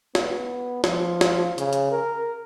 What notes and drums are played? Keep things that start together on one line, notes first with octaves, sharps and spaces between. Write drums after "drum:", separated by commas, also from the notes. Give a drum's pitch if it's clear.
B3, drum: snare
F3, drum: snare
drum: snare
C#3, drum: hi-hat
drum: hi-hat
A#4